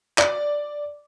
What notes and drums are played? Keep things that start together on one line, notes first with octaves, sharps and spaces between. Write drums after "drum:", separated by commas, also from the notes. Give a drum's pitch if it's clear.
D5, drum: clap